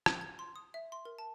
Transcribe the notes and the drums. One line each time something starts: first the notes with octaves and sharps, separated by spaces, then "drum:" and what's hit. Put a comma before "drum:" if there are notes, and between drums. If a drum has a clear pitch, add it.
drum: rim click
G#6
C6
D#6
E5
C6
A#4
A5